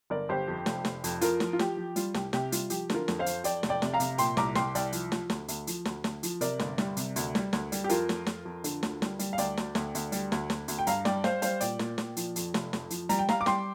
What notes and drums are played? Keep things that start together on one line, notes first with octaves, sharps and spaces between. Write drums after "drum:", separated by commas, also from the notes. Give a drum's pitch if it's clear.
G1 A#4 D5
G1 G4 C5
F2
F1, drum: snare
F1, drum: snare
F2, drum: hi-hat
F3 F4 A#4, drum: hi-hat
F3, drum: snare
F4
F3 G4, drum: snare
F3
G3 F4, drum: hi-hat
C2 G4, drum: snare
C3 G4, drum: snare
G3 F4, drum: hi-hat
F3 G4, drum: hi-hat
D3 F4 A#4, drum: snare
F2, drum: snare
C5 F5
F2, drum: hi-hat
F2 D5 G5, drum: hi-hat
F1, drum: snare
D5 G5
C3, drum: snare
F5 A#5
C3, drum: hi-hat
A#2 G5 C6, drum: hi-hat
C2 A#5 D6, drum: snare
C2 G5 C6, drum: snare
C2 D5 G5, drum: hi-hat
F3, drum: hi-hat
F3, drum: snare
D2, drum: snare
D2, drum: hi-hat
F3, drum: hi-hat
D2, drum: snare
D2, drum: snare
F3, drum: hi-hat
C3 A#4 D5, drum: hi-hat
G1, drum: snare
G3, drum: snare
C3, drum: hi-hat
D2, drum: hi-hat
G3, drum: snare
D2, drum: snare
G3, drum: hi-hat
G4
F2 F4 A#4, drum: hi-hat
F2, drum: snare
F2, drum: snare
F2
D3, drum: hi-hat
D2, drum: snare
G3, drum: snare
G3, drum: hi-hat
F5
D2 D5 G5, drum: hi-hat
D2, drum: snare
D2, drum: snare
D2, drum: hi-hat
G3, drum: hi-hat
D2, drum: snare
D2, drum: snare
D2, drum: hi-hat
G5
G2 F5 A#5, drum: hi-hat
G3 D5 G5, drum: snare
G3 C5 F5, drum: snare
G3 C5 F5, drum: hi-hat
A#2 D5 G5, drum: hi-hat
A#2, drum: snare
A#2, drum: snare
F3, drum: hi-hat
F2, drum: hi-hat
F1, drum: snare
F2, drum: snare
F3, drum: hi-hat
G3 A#5, drum: hi-hat
G5
G3 F5 A#5, drum: snare
D6
G3 G5 C6, drum: snare